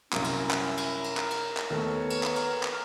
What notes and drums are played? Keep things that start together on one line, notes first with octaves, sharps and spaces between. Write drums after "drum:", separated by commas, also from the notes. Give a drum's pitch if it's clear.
C2 F#2 C#4 E4 A#4, drum: clap
drum: cymbal
drum: clap
drum: cymbal
drum: cymbal
drum: clap
drum: cymbal
drum: clap
D#2 A3 B3 C#5 A5
drum: cymbal
drum: clap
A#4, drum: cymbal
drum: clap